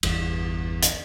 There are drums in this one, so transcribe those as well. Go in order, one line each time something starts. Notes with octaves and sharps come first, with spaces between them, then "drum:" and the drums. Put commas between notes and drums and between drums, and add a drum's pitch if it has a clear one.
G1 E2, drum: cymbal
drum: hi-hat